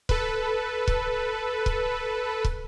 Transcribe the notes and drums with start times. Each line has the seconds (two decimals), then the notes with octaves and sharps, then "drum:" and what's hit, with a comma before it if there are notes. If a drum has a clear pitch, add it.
0.09 A4 B4, drum: kick
0.88 drum: kick
1.66 drum: kick
2.44 drum: kick